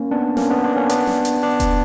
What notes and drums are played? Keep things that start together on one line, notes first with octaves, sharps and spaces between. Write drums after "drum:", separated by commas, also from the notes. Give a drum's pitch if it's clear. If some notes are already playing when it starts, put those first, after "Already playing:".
Already playing: A#3 C#4
B3 D4
A#3 C#4, drum: snare
B3 D4
B3 D4
A#3 C#4
B3 D4, drum: hi-hat
drum: snare
drum: hi-hat
B3 D4
drum: kick E1, hi-hat